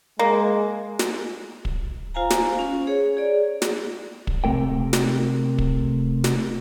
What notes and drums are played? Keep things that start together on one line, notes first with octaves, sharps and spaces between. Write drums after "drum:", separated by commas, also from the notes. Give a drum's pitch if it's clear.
G#3 A#3
drum: snare
drum: kick
F4 C5 F5 G#5 A#5
drum: snare
C#4
G#4 C#5
G#4 D5
drum: snare
drum: kick
C3 A3 A#4 G5
drum: snare
drum: kick
drum: snare